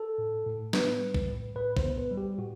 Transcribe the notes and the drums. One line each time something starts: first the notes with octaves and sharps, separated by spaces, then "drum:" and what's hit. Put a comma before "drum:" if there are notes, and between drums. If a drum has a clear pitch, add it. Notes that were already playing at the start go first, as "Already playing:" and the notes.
Already playing: A4
A2
A2
B3 B4, drum: snare
G3
drum: kick A#1
A2
A2 B4
C5, drum: kick A#1
B3
B4
G3
G4
A2 F#4